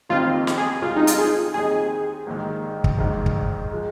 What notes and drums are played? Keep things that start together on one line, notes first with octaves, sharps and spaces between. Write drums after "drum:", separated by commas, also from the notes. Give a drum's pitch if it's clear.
F1 F2 D#3 C4 D#4 F4
drum: snare
G#4
C2 C3 G#3 C4 F4
D#4
F4, drum: hi-hat
G#4
D#2 D#3 C4 D#4 G#4
A#1 G#2 D#3
drum: kick
A#1 G#2 D#3
drum: kick
F3 G#3